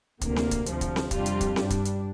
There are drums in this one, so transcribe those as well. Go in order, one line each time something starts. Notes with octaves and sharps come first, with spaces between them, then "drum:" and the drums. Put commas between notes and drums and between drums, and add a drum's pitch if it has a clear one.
D2 C3 A#3, drum: kick, hi-hat
drum: snare C4
drum: kick, hi-hat
D2 C3 F3, drum: hi-hat
drum: kick, hi-hat
drum: snare C4
F2 C3 G3 D4 F4, drum: kick, hi-hat
drum: hi-hat
drum: kick, hi-hat
G2 G3 D4, drum: snare C4
drum: kick, hi-hat
drum: hi-hat